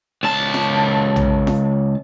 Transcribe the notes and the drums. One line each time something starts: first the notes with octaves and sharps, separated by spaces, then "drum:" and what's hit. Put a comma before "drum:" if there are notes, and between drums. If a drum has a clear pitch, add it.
C#2 A5
drum: snare
drum: tom
drum: snare